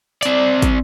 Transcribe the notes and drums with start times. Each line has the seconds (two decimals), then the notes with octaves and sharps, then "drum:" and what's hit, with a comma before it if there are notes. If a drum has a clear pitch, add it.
0.23 C4 D5, drum: hi-hat
0.62 drum: kick, hi-hat